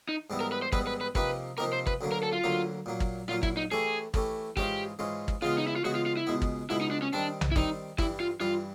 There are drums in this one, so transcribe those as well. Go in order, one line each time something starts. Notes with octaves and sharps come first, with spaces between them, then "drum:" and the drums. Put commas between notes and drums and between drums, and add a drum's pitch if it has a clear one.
D#4
G#2 E3 G3 B3 E4
A#4
B4
C5
G#2 E3 G3 B3 E4 B4, drum: kick G#1
B4
B4
C3 F3 A#3 D#4 G4 B4, drum: kick G#1
C3 F3 A#3 D#4 G4 A#4
C5
B4, drum: kick G#1
D2 D3 F#3 A#3
A#4
A4
F4
D2 D3 F#3 A#3
A#2 F#3 A#3
drum: kick G#1
A#2 F#3 A#3 F4
E4, drum: kick G#1
D#4
E3 A3 C#4 E4 G4 G#4
E3 A3 C#4 E4 G4, drum: kick G#1
G#2 E3 G#3 C#4 F4 G4, drum: kick G#1
G#2 E3 G#3 C#4 F4
drum: kick G#1
C#3 E3 G#3 B3 F4
D#4
E4
F4
C#3 E3 G#3 B3 F#4
F4
F4
E4
C#2 B2 G#3 B3
drum: kick G#1
C#2 B2 G#3 B3 E4
D#4
D4
C#4
D#3 G3 C4 D4
drum: tom B1
E4
D#3 G3 C4 D#4, drum: kick G#1
G2 E3 G3 E4, drum: kick G#1
F4
G2 E3 G3 F4